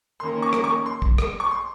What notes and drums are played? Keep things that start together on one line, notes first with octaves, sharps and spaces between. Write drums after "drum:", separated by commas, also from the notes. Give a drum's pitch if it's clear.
D#3 A#3 C#4 C6
C#6
drum: rim click
C#6
C6
drum: kick
drum: rim click
C#6
C6